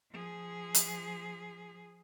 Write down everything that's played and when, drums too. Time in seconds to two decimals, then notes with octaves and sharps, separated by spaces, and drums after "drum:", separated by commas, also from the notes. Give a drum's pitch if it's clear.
0.11 F3 G#4
0.75 drum: hi-hat